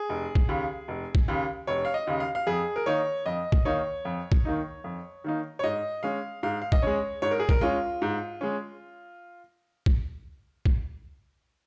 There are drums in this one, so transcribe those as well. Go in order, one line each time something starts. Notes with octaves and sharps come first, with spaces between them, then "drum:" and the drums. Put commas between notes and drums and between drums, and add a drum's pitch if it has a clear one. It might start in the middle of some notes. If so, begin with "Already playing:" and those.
Already playing: G#4
F1
drum: kick A#1
D#2 C#3
F1
drum: kick A#1
D#2 C#3
F1 C#5
F5
D#5
D#2 C#3
F5
F5
F2 G#4
A#4
D#3 A#3 D#4 C#5
F2 D#5
drum: kick A#1
D#3 A#3 D#4 C#5
F2
drum: kick A#1
D#3 A#3 D#4
F2
D#3 A#3 D#4
C#5
G#2 D#5
G#3 C#4 F5
G#2 F5
F5
D#5, drum: kick A#1
G#3 C#4 C#5
G#2 C#5
A#4
G#4
A#4, drum: kick A#1
G#3 C#4 F4
G#2
G#3 C#4
drum: kick A#1
drum: kick A#1